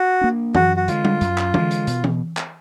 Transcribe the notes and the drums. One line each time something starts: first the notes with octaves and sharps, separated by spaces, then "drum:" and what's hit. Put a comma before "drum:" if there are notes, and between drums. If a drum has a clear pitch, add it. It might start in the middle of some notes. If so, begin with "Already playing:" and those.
Already playing: F#4
A#3 D4
F#2 F#4, drum: tom E3
F#4
D3 G#3 F4, drum: hi-hat
drum: tom G3
F#2, drum: hi-hat
drum: clap
D3 G#3, drum: tom E3
drum: hi-hat
B2, drum: hi-hat
drum: tom E3
drum: clap